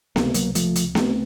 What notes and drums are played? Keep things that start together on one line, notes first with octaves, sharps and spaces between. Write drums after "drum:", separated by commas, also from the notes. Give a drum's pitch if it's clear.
C#2 C3 A#3, drum: snare B3
A3
F#3 A#3, drum: hi-hat
F3 A3, drum: hi-hat
drum: hi-hat
A3 C4, drum: snare B3